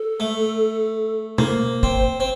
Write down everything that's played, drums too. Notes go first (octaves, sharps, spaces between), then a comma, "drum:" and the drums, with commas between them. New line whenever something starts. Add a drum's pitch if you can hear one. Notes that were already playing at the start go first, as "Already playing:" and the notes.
Already playing: A4
A3
A#3 C5, drum: tom B2
C4, drum: kick
C4